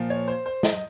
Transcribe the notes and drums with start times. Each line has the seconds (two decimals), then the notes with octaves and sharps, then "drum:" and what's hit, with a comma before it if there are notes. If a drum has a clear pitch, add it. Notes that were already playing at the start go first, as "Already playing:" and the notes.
Already playing: A#2 F3
0.10 C#5
0.28 C5
0.46 C5
0.63 D#5, drum: snare